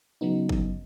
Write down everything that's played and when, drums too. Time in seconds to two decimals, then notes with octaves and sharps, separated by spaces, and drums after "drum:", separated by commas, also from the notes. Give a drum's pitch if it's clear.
0.21 C#3 F#3 B3 D#4
0.49 drum: kick